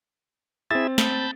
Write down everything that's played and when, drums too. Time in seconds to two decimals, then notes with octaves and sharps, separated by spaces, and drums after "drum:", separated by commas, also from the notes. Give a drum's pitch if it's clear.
0.71 C4 E4 G#4 E5 A6
0.98 A5 B5 G6, drum: snare